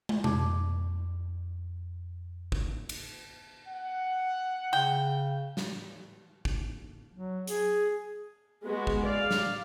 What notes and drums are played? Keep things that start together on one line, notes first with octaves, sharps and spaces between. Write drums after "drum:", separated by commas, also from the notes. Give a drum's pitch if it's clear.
drum: tom
F2 D6, drum: tom B2
drum: kick
drum: cymbal
F#5
C#3 G5
drum: snare
drum: kick
F#3
G#4, drum: hi-hat
G#3 B3 F#4
drum: kick
D5 F5
drum: snare